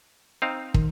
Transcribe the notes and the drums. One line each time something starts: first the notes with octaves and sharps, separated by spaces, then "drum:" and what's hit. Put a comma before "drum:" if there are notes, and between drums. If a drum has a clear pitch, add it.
C4 D#4 F5
D#3, drum: kick